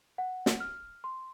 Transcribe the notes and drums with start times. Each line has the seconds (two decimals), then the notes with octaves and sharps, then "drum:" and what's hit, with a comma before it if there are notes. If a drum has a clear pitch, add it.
0.18 F#5
0.46 drum: snare
0.60 F6
1.04 C6